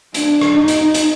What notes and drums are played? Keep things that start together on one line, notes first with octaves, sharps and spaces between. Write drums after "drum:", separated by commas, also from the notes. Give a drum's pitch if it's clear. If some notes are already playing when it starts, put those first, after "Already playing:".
D4, drum: hi-hat
drum: rim click
D#4
drum: hi-hat
drum: hi-hat